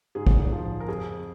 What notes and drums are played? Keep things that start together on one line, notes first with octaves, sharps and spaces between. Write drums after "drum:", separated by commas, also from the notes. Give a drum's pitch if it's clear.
G#2 G#4
drum: kick
F3
A#4
F2 G#4